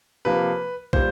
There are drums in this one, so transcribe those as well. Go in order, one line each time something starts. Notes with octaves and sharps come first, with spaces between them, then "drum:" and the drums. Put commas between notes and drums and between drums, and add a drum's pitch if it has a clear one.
C3 F3 A#3 B4
A#2 G3 C5, drum: kick